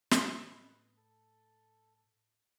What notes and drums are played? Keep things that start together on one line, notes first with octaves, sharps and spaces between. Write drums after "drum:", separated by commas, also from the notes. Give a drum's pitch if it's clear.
A2 B4 D#5, drum: snare
A4